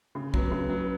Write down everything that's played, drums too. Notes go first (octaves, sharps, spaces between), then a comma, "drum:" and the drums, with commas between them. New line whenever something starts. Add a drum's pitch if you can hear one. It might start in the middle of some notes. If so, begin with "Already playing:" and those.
C#3
F#3 B3, drum: kick
C#3
F#3 B3